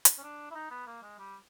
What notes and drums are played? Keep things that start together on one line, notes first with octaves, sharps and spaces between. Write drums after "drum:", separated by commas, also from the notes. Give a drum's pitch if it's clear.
drum: hi-hat
C#4
D4
E4
D#4
B3
A#3
G#3
G3